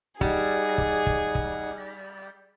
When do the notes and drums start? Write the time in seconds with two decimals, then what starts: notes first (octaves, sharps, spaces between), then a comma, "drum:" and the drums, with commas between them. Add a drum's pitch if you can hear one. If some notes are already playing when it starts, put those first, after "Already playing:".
0.21 G3 D#4 G#4 F#5, drum: kick
0.78 drum: kick
1.07 drum: kick
1.35 drum: kick